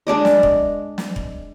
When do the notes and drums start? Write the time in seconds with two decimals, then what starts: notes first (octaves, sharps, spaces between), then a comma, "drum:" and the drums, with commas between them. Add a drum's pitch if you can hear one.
0.07 G#3 D4 D5 D#5
0.25 drum: snare
0.43 drum: kick E1
0.98 drum: snare
1.16 drum: kick E1